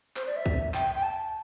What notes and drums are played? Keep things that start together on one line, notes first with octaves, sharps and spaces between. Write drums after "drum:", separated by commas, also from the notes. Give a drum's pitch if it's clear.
C5, drum: clap
D5
E5
drum: kick
G5, drum: clap
G5
A5